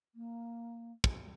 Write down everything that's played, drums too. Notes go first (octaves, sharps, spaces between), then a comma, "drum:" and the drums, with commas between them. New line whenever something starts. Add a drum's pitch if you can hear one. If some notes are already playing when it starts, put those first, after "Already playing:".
A#3
drum: kick